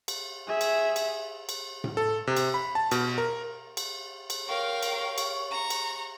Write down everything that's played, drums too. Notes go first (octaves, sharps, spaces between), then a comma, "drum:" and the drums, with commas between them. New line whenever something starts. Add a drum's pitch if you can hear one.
drum: cymbal
G#4 E5
drum: cymbal
drum: cymbal
drum: cymbal
drum: tom A2
A4
C3
drum: cymbal
B5
A5
B2, drum: cymbal
A#4
drum: cymbal
drum: cymbal
A#4 C#5 F5 G5
drum: cymbal
drum: cymbal
A#5 C#6
drum: cymbal